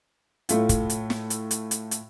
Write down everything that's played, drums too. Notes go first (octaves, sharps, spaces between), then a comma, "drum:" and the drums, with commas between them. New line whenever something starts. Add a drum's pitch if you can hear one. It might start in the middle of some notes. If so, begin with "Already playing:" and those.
A2 A3 F4, drum: hi-hat
drum: kick, hi-hat
drum: hi-hat
drum: snare
drum: hi-hat
drum: hi-hat
drum: hi-hat
drum: hi-hat